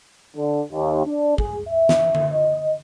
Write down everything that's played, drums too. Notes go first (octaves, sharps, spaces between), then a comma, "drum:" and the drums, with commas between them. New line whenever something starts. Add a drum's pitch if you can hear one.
D3
D#2
D4
G#4, drum: kick
E5
drum: snare
drum: tom D3
D#5